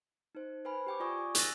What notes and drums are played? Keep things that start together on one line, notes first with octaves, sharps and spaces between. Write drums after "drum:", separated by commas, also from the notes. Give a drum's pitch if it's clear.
D#4 C5
B4 C5 G#5 B5
G4 G5 D6
F4 D5 G#5 C#6 D#6
G#5
E6 F#6 A6 A#6, drum: hi-hat